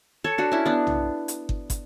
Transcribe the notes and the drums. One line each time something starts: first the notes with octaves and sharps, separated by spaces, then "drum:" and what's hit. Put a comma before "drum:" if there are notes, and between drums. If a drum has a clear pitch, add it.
A4 C#5
D4 F#4
C#4 E4
B3 D4
drum: tom B1
drum: hi-hat
drum: kick
drum: kick, hi-hat